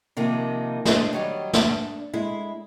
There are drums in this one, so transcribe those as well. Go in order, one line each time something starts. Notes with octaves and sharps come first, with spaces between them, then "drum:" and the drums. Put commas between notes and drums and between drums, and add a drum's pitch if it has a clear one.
C3 D#3 F3 A#3
G#3 D4 G#4, drum: snare
D#3 F#3 G3
D4, drum: snare
G#3 E4